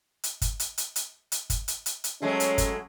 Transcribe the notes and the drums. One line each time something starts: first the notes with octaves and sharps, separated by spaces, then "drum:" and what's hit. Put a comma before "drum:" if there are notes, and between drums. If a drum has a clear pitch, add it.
drum: hi-hat
drum: kick, hi-hat
drum: hi-hat
drum: hi-hat
drum: hi-hat
drum: hi-hat
drum: kick, hi-hat
drum: hi-hat
drum: hi-hat
drum: hi-hat
F#3 G#3 A3 C#4
drum: hi-hat
drum: kick, hi-hat